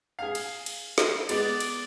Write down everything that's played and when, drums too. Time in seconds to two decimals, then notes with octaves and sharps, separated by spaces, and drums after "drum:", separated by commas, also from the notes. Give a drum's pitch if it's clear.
0.19 G#4 F5
0.35 drum: cymbal
0.66 drum: cymbal
0.98 drum: snare
1.29 G#3 B3 D5, drum: cymbal
1.60 drum: cymbal